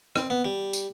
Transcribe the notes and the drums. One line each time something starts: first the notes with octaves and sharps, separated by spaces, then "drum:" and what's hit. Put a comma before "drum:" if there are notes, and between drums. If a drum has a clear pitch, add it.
C4, drum: rim click
B3
G3
drum: tambourine